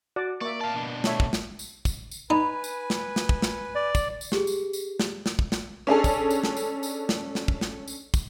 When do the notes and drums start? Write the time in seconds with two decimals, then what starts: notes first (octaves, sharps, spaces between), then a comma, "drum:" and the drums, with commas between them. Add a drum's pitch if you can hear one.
0.16 F#4 D5
0.41 A#3 D5 E5 C#6
0.61 D5 F5 A5
0.74 B2 D4
1.04 A3 C#5 E5, drum: snare
1.20 drum: kick
1.33 drum: snare
1.59 drum: tambourine
1.85 drum: kick, tambourine
2.11 drum: tambourine
2.30 D#4 B4 G#5 B5
2.64 drum: tambourine
2.90 drum: snare
3.16 drum: snare
3.29 drum: kick
3.42 drum: snare
3.75 D5
3.95 drum: kick, tambourine
4.21 drum: tambourine
4.32 G4 G#4, drum: snare
4.47 drum: tambourine
4.73 drum: tambourine
5.00 drum: snare
5.26 drum: snare
5.39 drum: kick
5.52 drum: snare
5.87 C#4 D4 G#4 A4
6.04 drum: kick, tambourine
6.30 drum: tambourine
6.44 drum: snare
6.57 drum: tambourine
6.83 drum: tambourine
7.09 drum: snare
7.35 drum: snare
7.48 drum: kick
7.61 drum: snare
7.88 drum: tambourine
8.14 drum: kick, tambourine